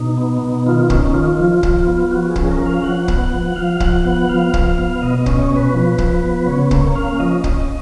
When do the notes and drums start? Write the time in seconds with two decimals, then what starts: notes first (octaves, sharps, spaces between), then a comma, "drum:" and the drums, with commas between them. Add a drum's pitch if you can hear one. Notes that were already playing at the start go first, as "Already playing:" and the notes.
Already playing: B2 D#4
0.17 B3
0.42 B2
0.66 D#3 F4
0.90 C#4 D#4, drum: kick C#1
1.14 D#3 F4
1.39 F3 F4
1.63 F3, drum: kick C#1
1.87 B3
2.11 F3 F#4
2.30 G#4
2.36 C#4, drum: kick C#1
2.48 A#4
2.60 F3
2.66 F5
2.83 F3 F#5
3.08 B3, drum: kick C#1
3.33 F3
3.56 F3 F5
3.80 F3 F#5, drum: kick C#1
4.05 B3 F#5
4.29 F3 F5
4.54 F3, drum: kick C#1
4.78 B3
5.02 B2 D#5
5.20 D#5
5.26 C#4, drum: kick C#1
5.38 C#5
5.51 B2
5.56 B4
5.74 F3
5.98 F3, drum: kick C#1
6.23 B3
6.47 C#3 C#5
6.71 A#3 C#5, drum: kick C#1
6.95 C#4 F5
7.20 F3 D#5
7.44 C#4, drum: kick C#1